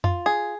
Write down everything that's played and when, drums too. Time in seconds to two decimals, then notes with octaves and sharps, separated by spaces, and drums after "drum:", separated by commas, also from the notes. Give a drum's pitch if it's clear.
0.04 F4, drum: tom F2
0.26 G#4